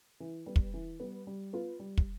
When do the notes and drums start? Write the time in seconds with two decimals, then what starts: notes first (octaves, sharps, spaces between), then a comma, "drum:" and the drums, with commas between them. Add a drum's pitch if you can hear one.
0.20 E3
0.46 G3 B3
0.56 drum: kick
0.74 E3
1.00 G3 B3
1.27 G3
1.53 B3 F4 B4
1.79 G3
1.97 drum: kick